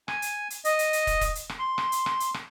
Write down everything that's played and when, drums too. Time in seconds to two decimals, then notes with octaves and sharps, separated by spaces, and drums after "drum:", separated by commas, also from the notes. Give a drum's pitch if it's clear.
0.08 G#5, drum: rim click
0.22 drum: hi-hat
0.50 drum: hi-hat
0.65 D#5, drum: hi-hat
0.79 drum: hi-hat
0.93 drum: hi-hat
1.07 drum: kick, hi-hat
1.21 drum: kick, hi-hat
1.35 drum: hi-hat
1.49 drum: rim click
1.59 C6
1.78 drum: rim click
1.92 drum: hi-hat
2.06 drum: rim click
2.20 drum: hi-hat
2.34 drum: rim click